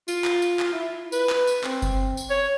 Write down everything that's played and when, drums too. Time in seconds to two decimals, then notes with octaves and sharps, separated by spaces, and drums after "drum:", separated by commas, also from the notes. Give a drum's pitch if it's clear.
0.08 F4, drum: tambourine
0.25 drum: clap
0.42 drum: tambourine
0.60 drum: clap
0.73 E4
1.12 B4, drum: tambourine
1.30 drum: clap
1.47 drum: tambourine
1.64 C4, drum: clap
1.82 drum: kick G1, tambourine
2.17 drum: tambourine
2.30 C#5